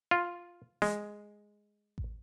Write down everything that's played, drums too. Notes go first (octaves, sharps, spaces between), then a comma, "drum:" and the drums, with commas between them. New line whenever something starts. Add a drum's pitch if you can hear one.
F4
G#3, drum: snare
drum: kick A1